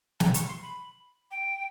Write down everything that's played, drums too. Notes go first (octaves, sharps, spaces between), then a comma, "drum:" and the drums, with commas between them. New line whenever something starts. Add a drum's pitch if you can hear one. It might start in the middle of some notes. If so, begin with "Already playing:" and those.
A#5, drum: snare
C#6, drum: hi-hat
C6
B5
G5